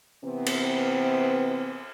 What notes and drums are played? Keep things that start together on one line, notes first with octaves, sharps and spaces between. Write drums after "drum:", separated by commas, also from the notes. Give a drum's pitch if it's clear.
C3 E3 B3 C4
drum: cymbal